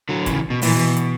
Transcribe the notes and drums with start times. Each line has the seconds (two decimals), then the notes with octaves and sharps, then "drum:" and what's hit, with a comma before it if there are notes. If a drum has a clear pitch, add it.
0.09 D3 F#3
0.26 C#3 E3, drum: kick, hi-hat
0.50 B2
0.62 A#2 E3, drum: open hi-hat
0.75 B2
0.97 drum: hi-hat